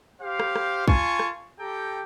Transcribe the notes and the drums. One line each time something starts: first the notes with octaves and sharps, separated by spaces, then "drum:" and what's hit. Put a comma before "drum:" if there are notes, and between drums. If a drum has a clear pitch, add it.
G4 C5 F5
drum: rim click
drum: rim click
F4 G#5 A5 C#6, drum: kick
drum: rim click
G4 A4 G5 A#5